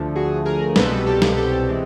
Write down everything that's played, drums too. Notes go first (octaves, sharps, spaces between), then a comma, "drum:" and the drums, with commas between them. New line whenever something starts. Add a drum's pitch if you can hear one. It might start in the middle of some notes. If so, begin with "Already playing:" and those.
Already playing: D2 D3 F3 A3
F#4 G#4
G#4 A#4
C2 B2 G3 C4 A4 B4, drum: snare
G4 A4
drum: snare
G4 A4
E3 G#3 C4